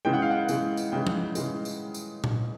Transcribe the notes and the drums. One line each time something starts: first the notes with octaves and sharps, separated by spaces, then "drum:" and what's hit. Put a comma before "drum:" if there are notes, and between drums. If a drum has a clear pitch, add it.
C#3 E3 G#3 G5
F#5
F5
F#5
C#3 E3 G#3, drum: tambourine
drum: tambourine
C#3 E3 G#3 G5
drum: tom F3
C#3 E3 G#3, drum: tambourine
drum: tambourine
drum: tambourine
drum: tom A#2